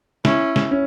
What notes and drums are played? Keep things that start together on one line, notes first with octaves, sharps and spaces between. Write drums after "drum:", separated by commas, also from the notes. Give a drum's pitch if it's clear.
C#4 E4, drum: snare
drum: snare
C#4